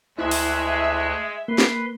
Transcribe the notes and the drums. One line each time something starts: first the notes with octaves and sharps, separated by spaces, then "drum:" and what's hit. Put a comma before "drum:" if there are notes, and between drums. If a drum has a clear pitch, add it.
D2 G#3 E4 E5 F#6
drum: open hi-hat
A#3 B4 C6
drum: snare